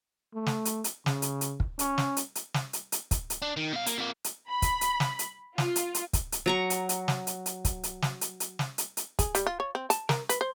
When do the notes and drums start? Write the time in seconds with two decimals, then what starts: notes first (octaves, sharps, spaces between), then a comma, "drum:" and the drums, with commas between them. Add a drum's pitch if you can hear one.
0.34 A3
0.46 drum: snare
0.65 drum: hi-hat
0.84 drum: hi-hat
1.06 C#3, drum: snare
1.22 drum: hi-hat
1.41 drum: hi-hat
1.60 drum: kick
1.79 C#4, drum: hi-hat
1.98 drum: snare
2.17 drum: hi-hat
2.35 drum: hi-hat
2.54 drum: snare
2.73 drum: hi-hat
2.92 drum: hi-hat
3.11 drum: kick, hi-hat
3.30 drum: hi-hat
3.42 D4
3.57 D#3
3.73 B2 F5
3.86 A#3, drum: hi-hat
3.98 F2 A#3
4.24 drum: hi-hat
4.49 B5
4.62 drum: kick, hi-hat
4.81 drum: hi-hat
5.00 drum: snare
5.19 drum: hi-hat
5.58 F4, drum: snare
5.76 drum: hi-hat
5.95 drum: hi-hat
6.13 drum: kick, hi-hat
6.32 drum: hi-hat
6.46 F#3 A#5 C#6
6.70 drum: hi-hat
6.89 drum: hi-hat
7.08 drum: snare
7.27 drum: hi-hat
7.46 drum: hi-hat
7.65 drum: kick, hi-hat
7.83 drum: hi-hat
8.02 drum: snare
8.21 drum: hi-hat
8.40 drum: hi-hat
8.59 drum: snare
8.78 drum: hi-hat
8.97 drum: hi-hat
9.19 G#4, drum: kick, hi-hat
9.35 G3, drum: hi-hat
9.47 F4
9.60 C#5
9.75 C4
9.90 A5, drum: hi-hat
10.09 A#4, drum: snare
10.29 B4, drum: hi-hat
10.41 C5